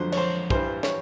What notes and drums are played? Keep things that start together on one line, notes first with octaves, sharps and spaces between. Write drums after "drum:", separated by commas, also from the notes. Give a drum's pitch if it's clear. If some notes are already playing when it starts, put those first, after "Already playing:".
Already playing: F2 D3 F#3 C5
C#5, drum: cymbal
C5
G2 E3 G3 C5, drum: kick
C#5, drum: snare